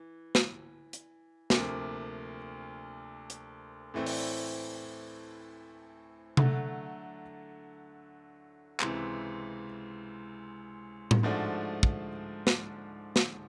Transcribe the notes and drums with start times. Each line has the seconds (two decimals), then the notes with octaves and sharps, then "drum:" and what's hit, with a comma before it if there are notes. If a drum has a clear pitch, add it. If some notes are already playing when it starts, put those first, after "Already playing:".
Already playing: E3
0.35 drum: snare
0.93 drum: hi-hat
1.50 D2 C3 F3 A#3, drum: snare
3.30 drum: hi-hat
3.94 A2 E3 A3 C4
4.06 drum: open hi-hat
6.37 D3 F#3 A3, drum: tom C3
8.80 C#2 C3 E3, drum: clap
11.11 drum: tom A2
11.23 G#2 F3 A3 D4 F#4
11.83 drum: kick
12.47 drum: snare
13.16 drum: snare